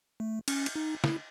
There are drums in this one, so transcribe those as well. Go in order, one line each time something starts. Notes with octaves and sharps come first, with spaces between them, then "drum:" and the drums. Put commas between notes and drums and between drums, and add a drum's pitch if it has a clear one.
A3
C#4, drum: cymbal
drum: cymbal
D#4
E4, drum: snare